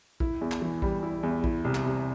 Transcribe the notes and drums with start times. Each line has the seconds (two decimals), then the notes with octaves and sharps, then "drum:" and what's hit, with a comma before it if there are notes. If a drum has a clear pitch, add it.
0.20 E4, drum: kick
0.41 E2
0.51 drum: clap
0.62 E3
0.82 G3, drum: kick
1.03 E4
1.23 E2
1.44 E4, drum: kick
1.64 C2
1.75 drum: clap
1.85 C3